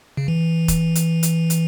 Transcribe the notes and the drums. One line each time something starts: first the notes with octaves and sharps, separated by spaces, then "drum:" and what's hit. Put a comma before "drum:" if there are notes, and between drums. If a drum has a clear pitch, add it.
C#3
E3
drum: kick E1, hi-hat
drum: hi-hat
drum: hi-hat
drum: hi-hat